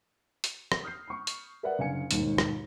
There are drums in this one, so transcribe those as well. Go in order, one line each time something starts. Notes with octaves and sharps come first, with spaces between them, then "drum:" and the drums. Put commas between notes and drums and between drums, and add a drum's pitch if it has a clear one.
drum: hi-hat
drum: rim click
D#6 F6 G6 C7
B5 C#6
drum: hi-hat
A#4 B4 D5 E5 F#5
F#1 D3 F5 G#5 C#7
E1 D#2 G#2 D#4, drum: hi-hat
drum: rim click